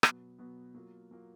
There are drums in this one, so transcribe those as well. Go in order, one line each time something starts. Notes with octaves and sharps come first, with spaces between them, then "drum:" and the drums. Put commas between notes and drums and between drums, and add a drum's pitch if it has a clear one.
B2 F#3 B3, drum: rim click
B2 F#3 B3
F#3 A#3 F4
F#3 A#3 F4